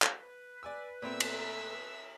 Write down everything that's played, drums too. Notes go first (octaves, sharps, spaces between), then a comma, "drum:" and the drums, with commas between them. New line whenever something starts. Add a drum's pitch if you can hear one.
drum: clap
B4
D5 G#5 E6
A#2 A3 B3 C4 D5 E5 E6
drum: cymbal